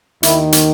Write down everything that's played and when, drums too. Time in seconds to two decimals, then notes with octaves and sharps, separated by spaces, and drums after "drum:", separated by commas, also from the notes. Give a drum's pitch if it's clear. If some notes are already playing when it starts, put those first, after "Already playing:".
0.23 D#2 D#3 E4, drum: hi-hat
0.52 drum: hi-hat